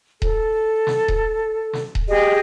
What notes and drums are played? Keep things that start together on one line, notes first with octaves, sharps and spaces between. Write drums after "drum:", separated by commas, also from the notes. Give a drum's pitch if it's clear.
A4, drum: kick D#1
drum: snare
drum: kick D#1
drum: snare
drum: kick D#1
G4 G#4 D#5